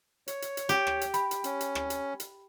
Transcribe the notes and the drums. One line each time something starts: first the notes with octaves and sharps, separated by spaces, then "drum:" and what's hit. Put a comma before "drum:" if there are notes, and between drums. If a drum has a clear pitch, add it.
C#5, drum: hi-hat
drum: hi-hat
drum: hi-hat
G4, drum: hi-hat
drum: rim click
drum: hi-hat
B5, drum: hi-hat
drum: hi-hat
C#4, drum: hi-hat
drum: hi-hat
drum: rim click
drum: hi-hat
drum: hi-hat